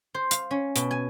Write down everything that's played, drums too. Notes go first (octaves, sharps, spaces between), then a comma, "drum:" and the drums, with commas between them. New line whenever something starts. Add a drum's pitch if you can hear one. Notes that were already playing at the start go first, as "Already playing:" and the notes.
C5
F5, drum: hi-hat
C#4
B2, drum: hi-hat
G#5